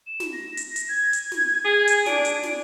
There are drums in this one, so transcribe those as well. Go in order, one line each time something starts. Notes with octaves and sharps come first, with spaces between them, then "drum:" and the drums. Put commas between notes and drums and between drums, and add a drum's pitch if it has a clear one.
E7
drum: snare
A#6
drum: hi-hat
drum: hi-hat
G#6
drum: hi-hat
drum: snare
G#4
drum: hi-hat
D4 D7, drum: snare
drum: hi-hat
drum: snare